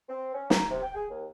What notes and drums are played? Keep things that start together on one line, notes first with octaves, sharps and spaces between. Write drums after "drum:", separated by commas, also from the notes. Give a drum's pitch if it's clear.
C4
C#4
A#5, drum: snare
C3
G5
G#4
D#2